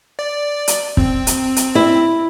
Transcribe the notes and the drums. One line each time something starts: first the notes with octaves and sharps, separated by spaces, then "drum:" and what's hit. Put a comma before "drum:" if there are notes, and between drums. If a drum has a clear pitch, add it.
D5
drum: hi-hat
C4, drum: kick
drum: hi-hat
drum: hi-hat
E4